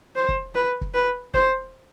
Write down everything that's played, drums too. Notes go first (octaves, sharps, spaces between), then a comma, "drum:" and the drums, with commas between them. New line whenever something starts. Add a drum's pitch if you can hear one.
C5
drum: kick
B4
drum: kick
B4
C5, drum: kick